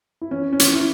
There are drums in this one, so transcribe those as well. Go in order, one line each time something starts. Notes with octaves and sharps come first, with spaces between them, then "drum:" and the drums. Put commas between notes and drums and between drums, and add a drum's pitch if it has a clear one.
E4
E3 C#4
C#4
E3, drum: hi-hat
E4